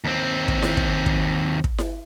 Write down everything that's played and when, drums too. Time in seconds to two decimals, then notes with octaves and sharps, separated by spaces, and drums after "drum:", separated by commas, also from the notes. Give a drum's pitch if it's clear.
0.04 D#2 C4
0.48 drum: kick
0.62 drum: snare E4
0.77 drum: kick
1.06 drum: kick
1.64 drum: kick
1.78 drum: snare E4